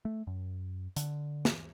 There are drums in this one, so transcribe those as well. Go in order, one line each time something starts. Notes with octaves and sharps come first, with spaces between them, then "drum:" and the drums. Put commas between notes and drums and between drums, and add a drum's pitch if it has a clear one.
A3
F#2
D3, drum: hi-hat
drum: snare